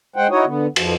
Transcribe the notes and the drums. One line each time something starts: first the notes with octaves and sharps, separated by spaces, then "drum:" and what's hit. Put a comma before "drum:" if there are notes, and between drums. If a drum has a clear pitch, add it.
G#3 C5 F#5 G5
D#4 E4 F#4 C#5 D#5
D3 B3
F2 F3, drum: cymbal